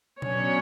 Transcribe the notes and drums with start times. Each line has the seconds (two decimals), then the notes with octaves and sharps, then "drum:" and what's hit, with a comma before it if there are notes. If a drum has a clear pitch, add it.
0.22 F#3 B3 C#4 D4 C#5, drum: tom B2